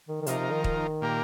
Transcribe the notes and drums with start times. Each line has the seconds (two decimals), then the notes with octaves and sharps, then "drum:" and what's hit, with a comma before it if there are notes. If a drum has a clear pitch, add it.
0.08 D#3
0.22 D#3
0.26 C3 F3 D#4 A#4, drum: hi-hat
0.39 C3
0.51 D#3
0.64 D#3, drum: kick
1.02 A#2 A#3 G4 A#4